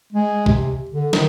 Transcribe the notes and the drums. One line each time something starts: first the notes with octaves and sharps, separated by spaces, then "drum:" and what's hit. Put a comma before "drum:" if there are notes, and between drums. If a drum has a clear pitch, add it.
G#3
C3, drum: kick
D3
D#3, drum: snare